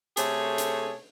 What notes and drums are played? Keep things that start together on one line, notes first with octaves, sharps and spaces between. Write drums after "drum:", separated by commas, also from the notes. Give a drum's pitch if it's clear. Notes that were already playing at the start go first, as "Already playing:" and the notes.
C3 A3 G#4 A4 C#5, drum: hi-hat
drum: hi-hat